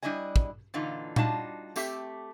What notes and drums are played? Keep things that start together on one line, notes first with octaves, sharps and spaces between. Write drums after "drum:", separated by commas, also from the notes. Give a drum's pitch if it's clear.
G3 D4 E4 D#5 G#5
drum: kick
A#2 D3 E3 D#4 F4
G3 D4 D#4 F4 F#4 A5, drum: tom A#2
A3 C4 G4 E5, drum: tambourine